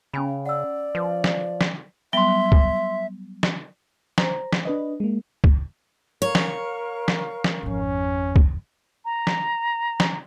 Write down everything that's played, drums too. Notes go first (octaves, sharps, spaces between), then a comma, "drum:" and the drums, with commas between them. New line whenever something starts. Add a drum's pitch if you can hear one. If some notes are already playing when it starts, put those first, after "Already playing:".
C#3 C#4 G#5 B5
D5 F#5 E6
F3 B4
drum: snare
drum: snare
F#3 G3 B3 E5 C6 G7
drum: kick C#2
drum: snare
C5 A#5, drum: snare
drum: snare
D4 B4 D#5
G#3 A#3
drum: kick C#2
A#4 C#5 F5 C#6
drum: snare
drum: snare
drum: snare
G#1 F2 C#4
drum: kick C#2
A#5
drum: snare
drum: snare